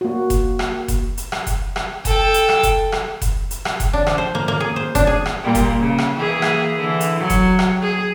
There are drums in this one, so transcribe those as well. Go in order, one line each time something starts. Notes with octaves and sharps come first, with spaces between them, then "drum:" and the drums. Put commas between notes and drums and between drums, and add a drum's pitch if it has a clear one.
A#3 F#4
drum: kick F1, hi-hat
drum: rim click
drum: kick F1, hi-hat
drum: hi-hat
drum: rim click
drum: kick F1, hi-hat
drum: rim click
A4 G5, drum: kick F1, hi-hat
drum: hi-hat
drum: rim click
drum: kick F1, hi-hat
drum: rim click
drum: kick F1, hi-hat
drum: hi-hat
drum: rim click
drum: kick F1, hi-hat
D4
F3, drum: rim click
C5
A#3
A#3
G#4
C5
D4, drum: kick F1, hi-hat
G#4
drum: rim click
A#2 G3 A#3
drum: kick F1, hi-hat
C#3
drum: rim click
E3 A#3 G#4
drum: rim click
D3 E3
drum: hi-hat
F#3
drum: kick F1, hi-hat
drum: rim click
G#4